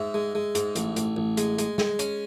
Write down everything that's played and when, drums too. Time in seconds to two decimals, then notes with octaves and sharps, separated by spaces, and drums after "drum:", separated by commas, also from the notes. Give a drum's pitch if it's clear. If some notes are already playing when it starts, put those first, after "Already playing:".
Already playing: G#2 E5
0.14 G#3
0.35 G#3
0.55 G#2, drum: hi-hat
0.76 A1, drum: hi-hat
0.96 A1, drum: hi-hat
1.17 A1
1.37 G#3, drum: hi-hat
1.58 G#3, drum: hi-hat
1.78 G#3, drum: snare
1.99 C#4, drum: hi-hat